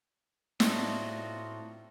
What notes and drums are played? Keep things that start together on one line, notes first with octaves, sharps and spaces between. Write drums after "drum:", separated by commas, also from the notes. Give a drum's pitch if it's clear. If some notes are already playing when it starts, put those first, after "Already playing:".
A2 C4 D4 D#4 F4 F#4, drum: snare